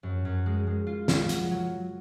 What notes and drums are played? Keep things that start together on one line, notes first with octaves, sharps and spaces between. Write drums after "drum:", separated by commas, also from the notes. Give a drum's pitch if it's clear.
F#2
F#2
G#3
G#3
F4
F4, drum: snare
F#3, drum: hi-hat
F#3